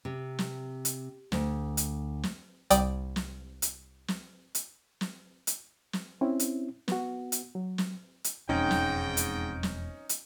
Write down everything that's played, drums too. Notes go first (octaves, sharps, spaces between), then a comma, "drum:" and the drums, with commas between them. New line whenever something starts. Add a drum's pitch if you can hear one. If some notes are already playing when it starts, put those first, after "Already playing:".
C3
drum: snare
drum: hi-hat
D2, drum: snare
drum: hi-hat
drum: snare
C2 G3 D5 G5 D#6, drum: hi-hat
drum: snare
drum: hi-hat
drum: snare
drum: hi-hat
drum: snare
drum: hi-hat
drum: snare
C4 C#4 E4
drum: hi-hat
B3 F#4, drum: snare
drum: hi-hat
F#3
drum: snare
drum: hi-hat
E1 F2 G#2 C4 C#4 D#4 G5
drum: snare
drum: hi-hat
drum: snare
drum: hi-hat